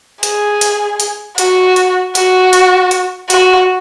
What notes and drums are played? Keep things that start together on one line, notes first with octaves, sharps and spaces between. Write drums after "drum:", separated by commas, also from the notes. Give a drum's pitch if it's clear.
G#4, drum: hi-hat
drum: hi-hat
drum: hi-hat
F#4, drum: hi-hat
drum: hi-hat
F#4, drum: hi-hat
drum: hi-hat
drum: hi-hat
F#4, drum: hi-hat